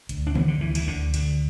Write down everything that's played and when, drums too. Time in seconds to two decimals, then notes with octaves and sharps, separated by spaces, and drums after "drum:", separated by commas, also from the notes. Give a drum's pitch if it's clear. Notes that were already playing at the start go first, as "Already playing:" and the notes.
0.09 D2, drum: hi-hat
0.27 D4
0.35 D3 B3, drum: tom D#3
0.48 D3
0.61 D2 E3
0.75 E3, drum: cymbal
0.87 D2 D3
1.14 D3, drum: cymbal